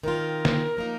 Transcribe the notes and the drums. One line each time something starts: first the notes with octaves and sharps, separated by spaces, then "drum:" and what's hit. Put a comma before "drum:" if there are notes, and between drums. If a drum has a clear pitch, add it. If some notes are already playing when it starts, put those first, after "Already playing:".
D#3 C4 F4 A#4
drum: snare
F3 A#3 D#4